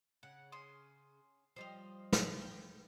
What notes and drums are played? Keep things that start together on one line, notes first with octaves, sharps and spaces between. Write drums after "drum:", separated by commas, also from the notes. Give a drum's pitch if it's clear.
C#3 F#5
C#4 C6 D#6
F3 G3 C5 D#5 F6
drum: snare
G5